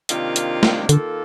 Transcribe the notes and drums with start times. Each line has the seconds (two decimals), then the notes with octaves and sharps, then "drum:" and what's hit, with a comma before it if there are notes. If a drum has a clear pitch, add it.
0.09 C3 D#3 A#3 D4 F4, drum: hi-hat
0.36 drum: hi-hat
0.63 drum: snare
0.89 D3 D#3 A#3 F4 A4, drum: hi-hat